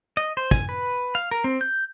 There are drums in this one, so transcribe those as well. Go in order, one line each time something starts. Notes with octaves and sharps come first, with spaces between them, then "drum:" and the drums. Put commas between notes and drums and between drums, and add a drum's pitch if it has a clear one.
D#5
C5
G#5, drum: kick
B4
F5
A#4
C4
G6